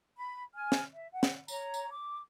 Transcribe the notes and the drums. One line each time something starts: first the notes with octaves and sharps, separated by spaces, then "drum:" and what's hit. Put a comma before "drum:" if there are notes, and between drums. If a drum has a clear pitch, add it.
B5
G#5 F6
drum: snare
E5
F#5
drum: snare
C#5 A#5, drum: tambourine
drum: tambourine
D6